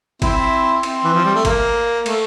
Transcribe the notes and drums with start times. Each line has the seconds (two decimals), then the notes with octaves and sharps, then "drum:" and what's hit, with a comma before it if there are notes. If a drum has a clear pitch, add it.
0.22 C4 E4, drum: kick, cymbal
0.83 C4, drum: cymbal
1.04 E3
1.14 F3
1.24 G3
1.35 A3
1.45 A#3, drum: kick, cymbal
2.06 A3, drum: cymbal